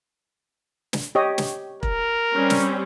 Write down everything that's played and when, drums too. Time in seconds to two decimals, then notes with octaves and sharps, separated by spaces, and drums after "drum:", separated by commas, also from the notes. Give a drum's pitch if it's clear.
0.93 drum: snare
1.15 G4 C#5 D#5
1.38 drum: snare
1.83 A#4, drum: kick E1
2.33 G3 C4 C#4
2.50 drum: snare